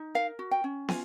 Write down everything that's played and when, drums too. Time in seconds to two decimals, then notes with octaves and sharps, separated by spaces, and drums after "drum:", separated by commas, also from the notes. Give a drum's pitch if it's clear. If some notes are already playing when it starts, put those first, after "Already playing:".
Already playing: D#4
0.15 A#4 F5
0.39 F#4
0.51 G5
0.64 C#4
0.89 F4 G#5, drum: snare